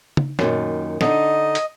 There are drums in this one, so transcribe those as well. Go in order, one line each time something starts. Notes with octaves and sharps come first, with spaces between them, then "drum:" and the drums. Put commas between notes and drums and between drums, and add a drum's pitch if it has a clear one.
drum: tom
F#2 A#2 D#3, drum: snare
D3 D#4 D#5, drum: snare
drum: hi-hat